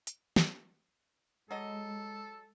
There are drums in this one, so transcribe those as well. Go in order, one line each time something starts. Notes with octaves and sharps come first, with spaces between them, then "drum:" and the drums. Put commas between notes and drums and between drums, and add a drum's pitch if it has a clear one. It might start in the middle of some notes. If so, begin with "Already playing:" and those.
drum: hi-hat
drum: snare
F#3 G#3 A4 D#5